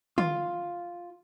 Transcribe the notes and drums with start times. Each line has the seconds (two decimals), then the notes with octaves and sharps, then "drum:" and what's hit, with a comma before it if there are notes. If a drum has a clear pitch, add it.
0.18 F4, drum: tom